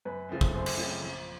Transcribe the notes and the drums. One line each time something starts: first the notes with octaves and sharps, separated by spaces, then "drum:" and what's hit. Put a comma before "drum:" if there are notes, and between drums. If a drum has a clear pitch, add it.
F#2 B4
C#3 F3 A3 C4
drum: kick
F#2 C5
drum: cymbal
C#3 F3 A3 C4
A#1